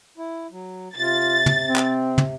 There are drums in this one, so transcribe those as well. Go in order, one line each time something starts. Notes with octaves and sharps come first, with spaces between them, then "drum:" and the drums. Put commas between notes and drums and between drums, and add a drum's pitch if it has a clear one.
E4
F#3
C3 F4 A6
drum: tom
C4
drum: clap
drum: tom